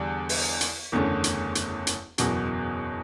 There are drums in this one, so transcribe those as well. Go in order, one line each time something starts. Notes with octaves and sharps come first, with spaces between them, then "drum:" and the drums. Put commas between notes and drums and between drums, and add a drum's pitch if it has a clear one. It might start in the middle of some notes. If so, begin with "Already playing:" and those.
Already playing: E2 D3 G3 D4 A4
drum: open hi-hat
drum: hi-hat
F#1 E2 D3 A3 C#4
drum: hi-hat
drum: hi-hat
drum: hi-hat
F#1 E2 B2 F#3, drum: hi-hat